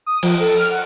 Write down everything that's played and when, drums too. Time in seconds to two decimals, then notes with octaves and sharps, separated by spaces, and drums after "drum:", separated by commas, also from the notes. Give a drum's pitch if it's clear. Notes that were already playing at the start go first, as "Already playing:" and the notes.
0.06 D#6
0.23 F3, drum: cymbal
0.40 A4
0.57 F6
0.70 F#5